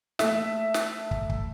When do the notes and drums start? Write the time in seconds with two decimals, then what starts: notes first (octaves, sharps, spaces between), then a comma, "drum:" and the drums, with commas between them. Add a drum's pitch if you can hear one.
0.19 A3 A4 E5, drum: snare
0.74 drum: snare
1.11 drum: kick
1.30 drum: kick